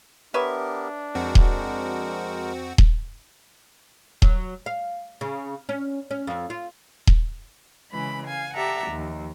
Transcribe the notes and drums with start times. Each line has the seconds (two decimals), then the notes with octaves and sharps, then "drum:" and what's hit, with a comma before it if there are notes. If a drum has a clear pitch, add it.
0.34 B3 D4 G4 A#4 B4 C#5 E5
1.15 F2 G#3 C4 F#4 A#4
1.35 drum: kick D#1
2.78 drum: kick D#1
4.22 F#3, drum: kick D#1
4.66 F5
5.21 C#3
5.69 C#4
6.11 C#4
6.27 F2
6.50 F4
7.07 drum: kick D#1
7.91 C#3 E3 G#3 B5
8.27 F5 G#5
8.55 G4 A4 D5 E5 F#5 A#5
8.88 D#2 F3